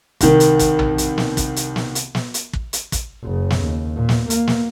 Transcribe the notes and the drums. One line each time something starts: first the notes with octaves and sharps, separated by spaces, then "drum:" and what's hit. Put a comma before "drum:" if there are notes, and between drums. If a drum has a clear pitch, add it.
C2 D#3, drum: kick, hi-hat
drum: hi-hat
drum: kick, hi-hat
drum: tom
drum: hi-hat
drum: snare
drum: kick, hi-hat
drum: hi-hat
drum: snare
drum: hi-hat
drum: snare
drum: hi-hat
drum: kick
drum: hi-hat
drum: kick, hi-hat
F#1 C#3
drum: snare
D#2
A#2
drum: snare
A#3, drum: hi-hat
drum: snare